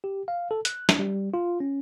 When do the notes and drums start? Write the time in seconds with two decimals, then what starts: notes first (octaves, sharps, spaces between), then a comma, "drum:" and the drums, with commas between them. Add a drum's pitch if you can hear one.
0.04 G4
0.28 F5
0.51 A4
0.65 F#6, drum: hi-hat
0.89 drum: snare
0.99 G3
1.34 F4
1.60 C#4